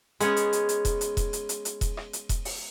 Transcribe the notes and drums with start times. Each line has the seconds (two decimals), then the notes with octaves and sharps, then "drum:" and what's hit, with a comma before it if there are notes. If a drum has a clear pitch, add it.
0.20 G#3 B3 C#4, drum: hi-hat
0.37 drum: hi-hat
0.53 drum: hi-hat
0.69 drum: hi-hat
0.85 drum: kick E1, hi-hat
1.01 drum: hi-hat
1.17 drum: kick E1, hi-hat
1.33 drum: hi-hat
1.49 drum: hi-hat
1.65 drum: hi-hat
1.81 drum: kick E1, hi-hat
1.97 drum: rim click
2.13 drum: hi-hat
2.29 drum: kick E1, hi-hat
2.45 drum: open hi-hat